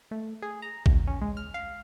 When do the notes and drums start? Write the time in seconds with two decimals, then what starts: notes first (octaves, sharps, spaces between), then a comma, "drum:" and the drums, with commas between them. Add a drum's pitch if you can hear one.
0.11 A3
0.42 G#4
0.62 A#5
0.86 D2, drum: kick
1.07 C#4
1.22 G#3
1.37 F6
1.54 F5